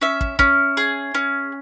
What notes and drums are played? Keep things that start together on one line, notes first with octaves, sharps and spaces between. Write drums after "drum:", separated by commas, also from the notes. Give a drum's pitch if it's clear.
C#4 E5
drum: kick
C#4, drum: kick
G#4
C#4